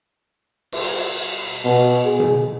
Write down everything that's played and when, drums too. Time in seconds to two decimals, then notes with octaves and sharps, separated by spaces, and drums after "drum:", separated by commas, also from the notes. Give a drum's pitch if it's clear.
0.72 drum: cymbal
1.65 B2
2.05 G#4
2.20 drum: tom B2